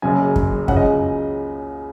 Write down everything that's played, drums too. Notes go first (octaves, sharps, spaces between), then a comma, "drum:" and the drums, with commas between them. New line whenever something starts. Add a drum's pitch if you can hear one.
F#1 F#2 C#3 F#3 G#5
drum: kick F#2
C#2 C#3 F#3 F#5, drum: kick F#2
D#5